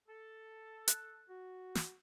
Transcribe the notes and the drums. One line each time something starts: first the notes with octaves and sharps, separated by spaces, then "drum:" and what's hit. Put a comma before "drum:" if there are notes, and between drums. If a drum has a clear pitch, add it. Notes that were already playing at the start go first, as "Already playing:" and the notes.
A4
F#6, drum: hi-hat
F#4
drum: snare